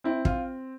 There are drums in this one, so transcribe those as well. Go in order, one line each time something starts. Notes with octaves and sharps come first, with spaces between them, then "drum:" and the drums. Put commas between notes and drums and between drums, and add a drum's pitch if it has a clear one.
C4 E4
F4, drum: kick